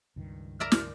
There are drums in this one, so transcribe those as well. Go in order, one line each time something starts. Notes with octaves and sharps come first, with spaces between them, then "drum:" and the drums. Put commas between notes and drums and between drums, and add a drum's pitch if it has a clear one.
C#2 G2 D#3
A#4 D5 E5 F6
drum: snare